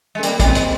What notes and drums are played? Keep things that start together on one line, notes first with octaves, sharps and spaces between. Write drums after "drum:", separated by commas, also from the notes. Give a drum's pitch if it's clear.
G#3
A3
G3 A#3, drum: hi-hat
G3, drum: kick, hi-hat
G#3 C4
drum: hi-hat